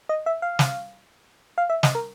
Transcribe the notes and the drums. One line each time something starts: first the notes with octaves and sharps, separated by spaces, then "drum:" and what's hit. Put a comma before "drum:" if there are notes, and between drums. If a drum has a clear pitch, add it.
D#5
E5
F5
drum: snare
F5
E5
D#5, drum: snare
A#4